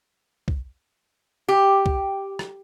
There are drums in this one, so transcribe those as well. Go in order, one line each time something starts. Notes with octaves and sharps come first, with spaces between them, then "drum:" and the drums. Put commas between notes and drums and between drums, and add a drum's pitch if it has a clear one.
drum: kick
G4
drum: kick
drum: rim click